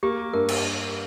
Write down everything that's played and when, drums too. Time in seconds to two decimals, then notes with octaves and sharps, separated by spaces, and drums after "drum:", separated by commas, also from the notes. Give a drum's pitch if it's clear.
0.03 A#3 G4
0.33 G2 A#4
0.48 drum: cymbal